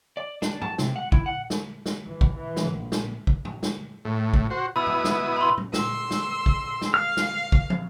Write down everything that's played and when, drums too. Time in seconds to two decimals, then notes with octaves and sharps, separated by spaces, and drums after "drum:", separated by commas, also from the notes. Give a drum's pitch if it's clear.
0.17 D5
0.42 D4, drum: snare
0.62 A5, drum: tom G2
0.78 C3, drum: snare
0.96 F#5
1.12 E4, drum: kick
1.26 F#5
1.50 drum: snare
1.86 drum: snare
2.04 E3
2.21 drum: kick
2.36 E3
2.56 drum: snare
2.70 A#1
2.92 drum: snare
3.27 drum: kick
3.45 drum: tom G2
3.63 drum: snare
4.05 A2
4.34 drum: kick
4.50 F#4 C5
4.76 B2 E4 B5 D#6 E6
4.87 drum: tom G2
5.04 drum: snare
5.37 B5 C6
5.57 drum: tom
5.73 C6 E6, drum: snare
6.11 drum: snare
6.46 drum: kick
6.81 drum: snare
6.94 F5 F6
7.17 drum: snare
7.52 drum: kick
7.70 drum: tom